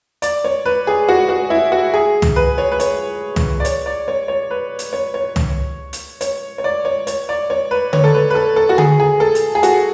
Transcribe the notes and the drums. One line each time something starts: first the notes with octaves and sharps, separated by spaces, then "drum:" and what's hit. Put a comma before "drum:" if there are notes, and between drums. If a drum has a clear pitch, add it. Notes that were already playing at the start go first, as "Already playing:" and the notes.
D5, drum: hi-hat
C#5
B4
G#4
F#4
F#4
E4
F#4
G#4
drum: tom
B4
C#5
B4
C#5, drum: hi-hat
drum: tom
D5
C#5, drum: hi-hat
D5
C#5
C#5
B4
drum: hi-hat
C#5
C#5
drum: tom
drum: hi-hat
C#5, drum: hi-hat
C#5
D5
C#5
C#5, drum: hi-hat
D5
C#5
B4
C#5, drum: tom D3
A4
B4
B4
A4
A4
F#4
G#4, drum: tom D3
G#4
A4
drum: hi-hat
G#4
F#4, drum: hi-hat